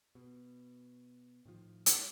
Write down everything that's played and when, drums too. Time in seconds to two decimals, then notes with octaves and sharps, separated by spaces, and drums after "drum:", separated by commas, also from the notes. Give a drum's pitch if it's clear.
0.15 B2
1.45 A2 D#3 F3
1.86 drum: hi-hat